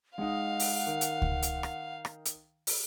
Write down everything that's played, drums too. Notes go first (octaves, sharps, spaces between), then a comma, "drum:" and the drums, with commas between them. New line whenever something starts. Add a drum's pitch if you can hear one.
G#3 D#4 F5 F#5
drum: open hi-hat
D#3
drum: hi-hat
drum: kick C#2
drum: hi-hat
drum: rim click
drum: rim click
drum: hi-hat
drum: open hi-hat